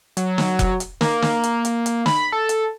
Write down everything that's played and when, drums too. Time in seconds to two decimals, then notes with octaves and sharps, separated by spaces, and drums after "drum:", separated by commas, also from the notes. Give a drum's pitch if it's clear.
0.17 F#3, drum: hi-hat
0.38 drum: snare
0.59 drum: kick F1, hi-hat
0.80 drum: hi-hat
1.01 A#3, drum: snare
1.22 drum: snare
1.43 drum: hi-hat
1.65 drum: hi-hat
1.86 drum: hi-hat
2.06 B5, drum: snare
2.32 A4
2.49 drum: hi-hat